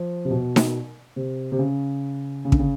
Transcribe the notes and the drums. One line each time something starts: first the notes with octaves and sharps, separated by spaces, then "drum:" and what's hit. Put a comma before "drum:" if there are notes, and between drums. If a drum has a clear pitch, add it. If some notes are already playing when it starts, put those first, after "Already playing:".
Already playing: F3
C3
B2
drum: snare D#4
C3
C3
C#3
C#3
D3, drum: kick
C#3